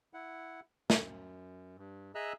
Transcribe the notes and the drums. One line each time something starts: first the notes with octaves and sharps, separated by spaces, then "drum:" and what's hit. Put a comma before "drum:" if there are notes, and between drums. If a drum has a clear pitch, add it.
E4 F#5
F#2, drum: snare
G2
G#4 D#5 E5 A#5 E6 F#6